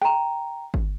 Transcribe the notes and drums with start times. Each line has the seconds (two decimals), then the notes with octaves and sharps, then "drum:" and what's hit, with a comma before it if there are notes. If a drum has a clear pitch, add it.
0.02 G5 A#5, drum: rim click
0.74 drum: kick G1